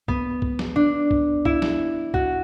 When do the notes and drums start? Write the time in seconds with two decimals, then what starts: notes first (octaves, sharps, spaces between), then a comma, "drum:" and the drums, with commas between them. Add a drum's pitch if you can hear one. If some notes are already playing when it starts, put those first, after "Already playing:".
0.08 B3, drum: kick
0.42 drum: kick
0.59 drum: snare
0.76 D4
1.11 drum: kick
1.45 E4, drum: kick
1.62 drum: snare
2.14 F#4, drum: kick